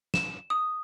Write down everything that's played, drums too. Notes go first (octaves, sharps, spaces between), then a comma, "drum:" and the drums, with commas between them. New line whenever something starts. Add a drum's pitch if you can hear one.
E7, drum: snare
D#6